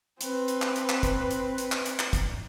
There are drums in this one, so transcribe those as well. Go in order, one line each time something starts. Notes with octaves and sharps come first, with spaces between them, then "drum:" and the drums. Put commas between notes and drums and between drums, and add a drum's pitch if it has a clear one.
C4 B4, drum: hi-hat
drum: hi-hat
drum: clap
drum: hi-hat
drum: clap
drum: kick, hi-hat
drum: hi-hat
drum: hi-hat
drum: clap
drum: hi-hat
drum: clap
drum: kick, hi-hat